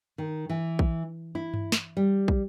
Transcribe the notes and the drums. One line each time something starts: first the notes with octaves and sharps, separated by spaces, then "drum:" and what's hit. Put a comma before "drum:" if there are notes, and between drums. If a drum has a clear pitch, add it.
D#3
E3
drum: kick
E4
drum: tom G2
drum: snare
G3
drum: kick